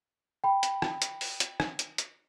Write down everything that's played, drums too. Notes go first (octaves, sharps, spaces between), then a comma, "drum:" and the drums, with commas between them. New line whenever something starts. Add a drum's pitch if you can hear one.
G5 B5
drum: hi-hat
drum: rim click
drum: hi-hat
drum: open hi-hat
drum: hi-hat
drum: rim click
drum: hi-hat
drum: hi-hat